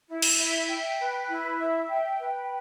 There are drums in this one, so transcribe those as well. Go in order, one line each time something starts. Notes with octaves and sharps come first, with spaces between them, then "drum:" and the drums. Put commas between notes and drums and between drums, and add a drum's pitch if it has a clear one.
E4
drum: cymbal
E5
G5
B4
E4
E5
G5
B4